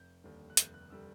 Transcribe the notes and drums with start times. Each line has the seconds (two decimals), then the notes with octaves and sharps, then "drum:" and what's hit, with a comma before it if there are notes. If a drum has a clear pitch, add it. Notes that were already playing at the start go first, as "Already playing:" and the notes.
Already playing: F1 G6
0.24 D#2 D3 G3
0.50 F#6
0.57 F1 G6, drum: hi-hat
0.74 F#6
0.90 D3 G3 E6